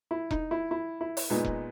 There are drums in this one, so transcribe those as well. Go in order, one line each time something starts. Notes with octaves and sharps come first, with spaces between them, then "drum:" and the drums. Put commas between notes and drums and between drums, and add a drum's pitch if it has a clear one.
E4
D#4, drum: kick E1
E4
E4
E4
drum: open hi-hat
A#2 G#3 B3 D#4
drum: kick E1